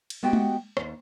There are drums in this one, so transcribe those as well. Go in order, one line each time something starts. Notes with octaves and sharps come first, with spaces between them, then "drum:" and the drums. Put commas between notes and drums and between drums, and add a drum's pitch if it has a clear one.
drum: cymbal
G#3 B3 F#4 G4 F#5 G5
drum: tom G#3
D#2, drum: rim click